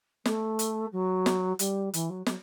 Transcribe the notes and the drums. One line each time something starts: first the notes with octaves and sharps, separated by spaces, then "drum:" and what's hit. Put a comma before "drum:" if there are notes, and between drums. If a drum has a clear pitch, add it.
A3, drum: snare
drum: hi-hat
F#3
drum: snare
G3, drum: hi-hat
E3, drum: hi-hat
F#3
F#3, drum: snare